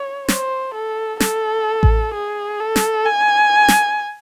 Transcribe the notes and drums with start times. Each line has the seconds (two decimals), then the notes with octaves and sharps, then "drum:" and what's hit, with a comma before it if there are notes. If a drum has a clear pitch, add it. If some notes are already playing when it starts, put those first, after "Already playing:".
Already playing: C#5
0.28 C5, drum: snare
0.74 A4
1.20 A4, drum: snare
1.83 drum: kick A1
2.14 G#4
2.60 A4
2.76 drum: snare
3.06 G#5
3.68 drum: snare